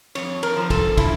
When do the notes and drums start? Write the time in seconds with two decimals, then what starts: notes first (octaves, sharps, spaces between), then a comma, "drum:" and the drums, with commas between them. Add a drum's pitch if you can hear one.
0.15 F2 C#5, drum: cymbal
0.43 A#4, drum: cymbal
0.56 F3 A#4
0.70 A4, drum: kick, cymbal
0.97 D3 E4, drum: kick, cymbal